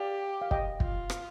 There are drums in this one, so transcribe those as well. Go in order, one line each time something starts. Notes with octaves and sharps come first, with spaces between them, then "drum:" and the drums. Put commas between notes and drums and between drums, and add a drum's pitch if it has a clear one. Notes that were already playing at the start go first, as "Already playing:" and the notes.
Already playing: G4 D5 F5
F5
D#5 G5, drum: kick
F4, drum: kick
drum: rim click